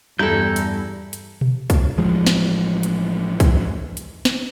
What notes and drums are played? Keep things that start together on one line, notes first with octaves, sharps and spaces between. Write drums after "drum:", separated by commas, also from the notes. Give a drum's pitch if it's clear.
E2 G2 G3 E4 A4 A#5 G6
drum: hi-hat
drum: hi-hat
drum: tom B2
drum: kick, hi-hat
A1 F3 G#3
drum: snare
drum: hi-hat
drum: kick, hi-hat
drum: hi-hat
drum: snare